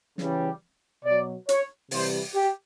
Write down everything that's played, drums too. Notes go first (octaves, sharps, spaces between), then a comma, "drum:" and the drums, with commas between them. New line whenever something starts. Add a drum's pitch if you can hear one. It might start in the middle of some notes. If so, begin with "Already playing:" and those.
C#3 E3 G3, drum: snare
B2 F#3 D5
C#5, drum: hi-hat
C3 E3 G3 C5, drum: open hi-hat
G4